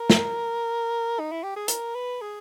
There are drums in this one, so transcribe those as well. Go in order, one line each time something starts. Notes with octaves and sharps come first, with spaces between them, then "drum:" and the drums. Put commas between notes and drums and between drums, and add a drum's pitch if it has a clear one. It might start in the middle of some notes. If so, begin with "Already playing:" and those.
Already playing: A#4
drum: snare
D#4
E4
G4
G#4
A#4, drum: hi-hat
B4
G#4